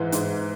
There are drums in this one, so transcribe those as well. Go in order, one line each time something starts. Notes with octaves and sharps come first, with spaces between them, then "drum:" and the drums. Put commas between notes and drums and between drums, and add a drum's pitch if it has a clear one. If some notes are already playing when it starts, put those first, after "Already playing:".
Already playing: G#2 E3
G#2, drum: hi-hat